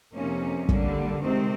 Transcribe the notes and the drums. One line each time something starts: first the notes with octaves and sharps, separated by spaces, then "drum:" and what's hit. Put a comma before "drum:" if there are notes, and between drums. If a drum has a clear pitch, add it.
F2 C3 F3 A#3 C#4 D#4
D3 G3 A#3, drum: kick
C3 D#3 G#3 C4